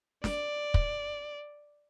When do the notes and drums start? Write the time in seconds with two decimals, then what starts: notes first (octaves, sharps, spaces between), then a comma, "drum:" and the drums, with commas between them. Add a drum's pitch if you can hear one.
0.24 D5, drum: snare
0.74 drum: kick